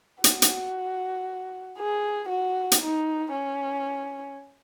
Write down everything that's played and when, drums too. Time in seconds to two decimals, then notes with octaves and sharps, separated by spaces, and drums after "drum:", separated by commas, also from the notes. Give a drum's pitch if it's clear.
0.24 F#4, drum: hi-hat
0.42 drum: hi-hat
1.78 G#4
2.29 F#4
2.72 drum: hi-hat
2.82 D#4
3.32 C#4